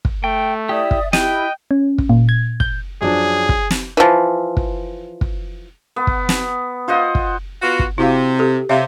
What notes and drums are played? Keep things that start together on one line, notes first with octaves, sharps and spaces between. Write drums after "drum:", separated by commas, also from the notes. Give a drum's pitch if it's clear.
drum: kick
A3 G5
E4 G4 D5 E5 D#6
drum: kick
E4 G4 D#5 G5 F#6, drum: snare
C#4
drum: kick
A#2
G#6
G6, drum: kick
F#2 F3 D4 G#4
drum: kick
drum: snare
E3 F3
drum: kick
drum: kick
B3
drum: kick
drum: snare
F4 C5 D#5 F#5
drum: kick
B3 F4 F#4
drum: kick
C3 E4 F#4 F5
G4 A4
C3 C#5 E5 F5